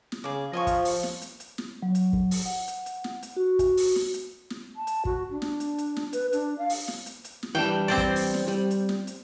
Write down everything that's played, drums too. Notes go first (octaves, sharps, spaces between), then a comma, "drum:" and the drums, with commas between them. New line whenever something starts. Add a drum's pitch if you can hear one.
drum: snare
C#3 G#4 D6
F3 D#5 F5 G#5 C#6
drum: kick, hi-hat
drum: open hi-hat
drum: snare
drum: hi-hat
drum: hi-hat
drum: snare
F#3
drum: hi-hat
drum: kick
drum: open hi-hat
F#5
drum: hi-hat
drum: hi-hat
drum: snare
drum: hi-hat
F#4
drum: kick, hi-hat
drum: open hi-hat
drum: snare
drum: hi-hat
drum: snare
A5
drum: hi-hat
F#4, drum: kick
D4
drum: snare
drum: hi-hat
drum: hi-hat
drum: snare
B4, drum: hi-hat
D4, drum: hi-hat
F5
drum: open hi-hat
drum: snare
drum: hi-hat
drum: hi-hat
drum: snare
E3 G3 D4 G5
C4 C5 D5
drum: kick, hi-hat
drum: open hi-hat
drum: snare
G3
drum: hi-hat
drum: snare
drum: hi-hat